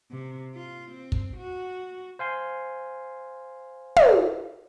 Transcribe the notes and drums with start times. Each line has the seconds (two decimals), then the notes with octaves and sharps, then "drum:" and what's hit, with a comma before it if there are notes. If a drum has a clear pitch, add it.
0.11 C3
0.56 F4
0.91 C4
1.12 drum: kick
1.37 F#4
2.19 C5 F5 G#5 C6
3.96 drum: tom